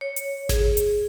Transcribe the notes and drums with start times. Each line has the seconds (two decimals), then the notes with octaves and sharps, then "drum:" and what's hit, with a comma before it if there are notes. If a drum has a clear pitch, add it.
0.01 C#5
0.16 drum: hi-hat
0.49 G#4, drum: snare G#1
0.77 drum: hi-hat